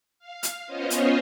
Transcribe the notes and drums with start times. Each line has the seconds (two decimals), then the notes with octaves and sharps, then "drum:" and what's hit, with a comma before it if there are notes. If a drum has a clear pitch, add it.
0.19 F5
0.43 drum: hi-hat
0.67 B3 C#4 F4 C5 C#5 D#5
0.90 drum: hi-hat